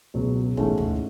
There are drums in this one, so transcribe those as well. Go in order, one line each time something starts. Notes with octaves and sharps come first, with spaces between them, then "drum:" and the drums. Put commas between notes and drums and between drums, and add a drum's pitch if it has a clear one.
C#2 B2 F#3 B3
G#2 E3 A3 C#4, drum: kick
drum: tom D2